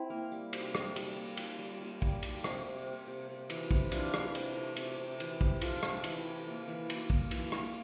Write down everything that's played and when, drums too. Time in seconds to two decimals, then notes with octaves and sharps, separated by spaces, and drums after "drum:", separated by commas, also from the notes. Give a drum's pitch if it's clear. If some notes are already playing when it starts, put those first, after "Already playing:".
Already playing: C4 E4
0.10 A#3
0.32 G3
0.53 C3, drum: cymbal
0.75 G3, drum: rim click
0.96 G3, drum: cymbal
1.16 A#3
1.37 G3, drum: cymbal
1.59 G3
1.80 A#3
2.02 G3, drum: kick
2.23 A#3, drum: cymbal
2.44 C3, drum: rim click
2.65 C3
2.86 A#3
3.07 C3
3.29 C3
3.50 E3, drum: cymbal
3.71 C3, drum: kick
3.92 E3 D4 F4, drum: cymbal
4.14 E3, drum: rim click
4.35 C3, drum: cymbal
4.56 A3
4.76 C3, drum: cymbal
4.98 C3
5.20 E3, drum: cymbal
5.41 C3, drum: kick
5.61 A3 F4 A4, drum: cymbal
5.83 C3, drum: rim click
6.04 E3, drum: cymbal
6.25 C3
6.47 A#3
6.68 E3
6.90 A#3, drum: cymbal
7.10 A#3, drum: kick
7.31 E3, drum: cymbal
7.52 A#3, drum: rim click